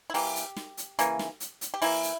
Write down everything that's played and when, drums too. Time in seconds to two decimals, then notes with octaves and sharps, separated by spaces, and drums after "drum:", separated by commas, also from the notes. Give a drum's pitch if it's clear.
0.10 E4
0.14 E3 A#3 G4, drum: open hi-hat
0.36 drum: hi-hat
0.56 drum: snare
0.77 drum: hi-hat
0.99 C#3 E3 A#3, drum: hi-hat
1.19 drum: snare
1.40 drum: hi-hat
1.61 drum: hi-hat
1.74 G4
1.82 E3 A#3 E4, drum: open hi-hat
2.03 drum: hi-hat